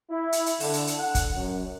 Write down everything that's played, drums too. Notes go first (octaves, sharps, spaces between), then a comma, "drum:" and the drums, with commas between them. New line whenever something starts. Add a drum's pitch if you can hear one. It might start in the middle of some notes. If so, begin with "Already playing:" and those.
E4
drum: hi-hat
drum: hi-hat
D3, drum: open hi-hat
drum: hi-hat
drum: hi-hat
F#5
drum: kick, hi-hat
F#2